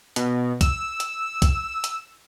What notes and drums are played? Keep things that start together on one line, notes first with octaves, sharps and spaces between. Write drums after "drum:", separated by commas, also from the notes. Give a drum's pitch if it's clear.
B2, drum: hi-hat
E6, drum: kick, hi-hat
drum: hi-hat
drum: kick, hi-hat
drum: hi-hat